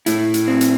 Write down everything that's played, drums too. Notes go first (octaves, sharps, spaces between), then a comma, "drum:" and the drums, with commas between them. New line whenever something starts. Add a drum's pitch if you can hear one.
A2 E4, drum: hi-hat
drum: hi-hat
C4
drum: hi-hat